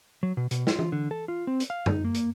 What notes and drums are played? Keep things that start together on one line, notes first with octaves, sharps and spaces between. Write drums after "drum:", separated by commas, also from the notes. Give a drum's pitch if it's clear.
F#3
B2
B2, drum: hi-hat
F4, drum: snare
drum: tom E3
D3
A4
F4
C4
drum: hi-hat
F5
D#4, drum: tom F#2
A#3
drum: hi-hat